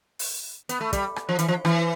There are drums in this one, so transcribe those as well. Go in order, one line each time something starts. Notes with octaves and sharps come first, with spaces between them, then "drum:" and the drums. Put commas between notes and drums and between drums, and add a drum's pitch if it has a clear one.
drum: open hi-hat
B3, drum: hi-hat
A3
G3, drum: kick, hi-hat
drum: rim click
F3
E3, drum: hi-hat
F3
E3, drum: rim click